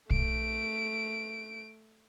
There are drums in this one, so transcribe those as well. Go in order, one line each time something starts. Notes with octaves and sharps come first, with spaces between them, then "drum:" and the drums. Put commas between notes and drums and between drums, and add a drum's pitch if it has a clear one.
A3 D7, drum: kick